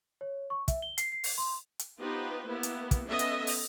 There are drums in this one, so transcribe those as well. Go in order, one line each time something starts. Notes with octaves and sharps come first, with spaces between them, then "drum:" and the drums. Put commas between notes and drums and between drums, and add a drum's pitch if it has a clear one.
C#5
C#6
E5, drum: kick, hi-hat
G7
C7, drum: hi-hat
C7
drum: open hi-hat
C6
drum: hi-hat
B3 D#4 F4 G4 B4 C5
A#3 B3 E4 G4
drum: hi-hat
drum: kick, hi-hat
B3 C#4 A4 D#5 E5
drum: hi-hat
drum: open hi-hat